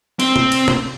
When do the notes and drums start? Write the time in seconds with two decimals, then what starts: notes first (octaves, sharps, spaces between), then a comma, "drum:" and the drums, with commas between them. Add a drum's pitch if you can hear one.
0.20 C4, drum: cymbal
0.36 drum: tom
0.52 drum: cymbal
0.68 drum: tom